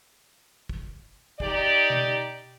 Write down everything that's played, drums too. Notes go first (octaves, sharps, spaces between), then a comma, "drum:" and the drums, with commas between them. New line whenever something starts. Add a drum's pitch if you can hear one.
drum: kick
D#4 G4 D5, drum: kick
drum: tom B2